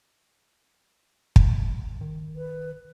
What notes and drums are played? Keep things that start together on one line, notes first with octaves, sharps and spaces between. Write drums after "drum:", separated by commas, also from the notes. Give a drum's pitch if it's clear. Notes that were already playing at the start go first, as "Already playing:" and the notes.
drum: kick
D#3
B4